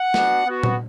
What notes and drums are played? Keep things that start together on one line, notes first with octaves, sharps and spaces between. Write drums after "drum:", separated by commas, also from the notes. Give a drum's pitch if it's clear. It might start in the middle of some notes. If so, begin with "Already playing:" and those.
Already playing: F#5
B3 D4 F#4, drum: snare
B3 F#4
drum: tom A#2